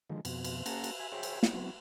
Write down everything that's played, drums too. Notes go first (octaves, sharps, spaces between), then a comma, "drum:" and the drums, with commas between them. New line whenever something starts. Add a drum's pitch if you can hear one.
D3 D#3 F3 G#3
F2 B2, drum: cymbal
drum: cymbal
A#3 C#4 G#4 F#5 A5 A#5, drum: cymbal
drum: cymbal
E5 G#5
G#4 C5 C#5 E5 G5
drum: cymbal
drum: snare
F#3 B3 C4 E4 F#4